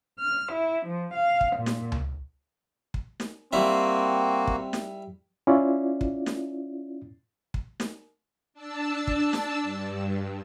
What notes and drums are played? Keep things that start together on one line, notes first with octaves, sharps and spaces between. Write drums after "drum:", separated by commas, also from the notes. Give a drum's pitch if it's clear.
F6
E4
F3
F5
drum: kick
A#2
drum: snare
drum: tom C#2
drum: kick
drum: snare
G3 A#3 C4 E4 F#4
drum: kick
drum: snare
C#4 E4 F4 D5
drum: kick
drum: snare
drum: kick
drum: snare
D4 A5 E6
drum: kick
drum: snare
G2